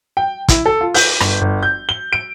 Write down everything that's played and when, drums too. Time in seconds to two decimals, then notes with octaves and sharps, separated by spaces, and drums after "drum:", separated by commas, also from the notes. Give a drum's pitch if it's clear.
0.17 G5
0.48 E4, drum: kick, hi-hat
0.66 A4
0.81 F4
0.94 G6, drum: open hi-hat
1.20 G1, drum: rim click
1.41 G1
1.63 G6
1.89 G7
2.13 D7